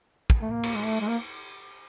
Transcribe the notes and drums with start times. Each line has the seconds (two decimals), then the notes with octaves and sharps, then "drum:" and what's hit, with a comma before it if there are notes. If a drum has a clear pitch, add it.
0.30 drum: kick
0.42 A3
0.51 A#3
0.63 drum: cymbal
0.76 G#3
0.85 A3
1.01 G#3
1.09 A#3